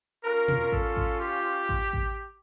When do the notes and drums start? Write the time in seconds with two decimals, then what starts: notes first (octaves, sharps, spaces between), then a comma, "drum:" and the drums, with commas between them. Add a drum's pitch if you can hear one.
0.24 C#4 F4 A#4
0.48 drum: tom B2
0.72 A4, drum: kick A1
0.97 drum: kick A1
1.21 G4
1.69 drum: kick A1
1.93 drum: kick A1